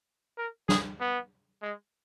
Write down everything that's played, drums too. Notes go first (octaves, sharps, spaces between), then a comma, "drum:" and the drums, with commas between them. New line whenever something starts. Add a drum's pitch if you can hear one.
A#4
G#4, drum: snare
B3
G#3